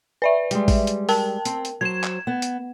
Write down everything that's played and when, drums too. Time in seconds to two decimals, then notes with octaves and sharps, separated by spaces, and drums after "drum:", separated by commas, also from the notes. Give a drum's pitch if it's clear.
0.22 B4 D5 E5
0.51 G3 G#3, drum: hi-hat
0.68 drum: kick A1, open hi-hat
0.87 drum: hi-hat
1.09 A#4 G5 A5, drum: open hi-hat
1.45 C4, drum: hi-hat
1.65 drum: hi-hat
1.81 F#3 C5 G#6 E7
2.04 drum: clap
2.27 B3
2.42 drum: hi-hat